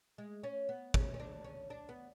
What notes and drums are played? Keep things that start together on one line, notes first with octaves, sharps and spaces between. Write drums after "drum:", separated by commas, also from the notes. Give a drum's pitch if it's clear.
G#3
C#4
B3
C#4, drum: kick
C#4
D4
C#4
D4
B3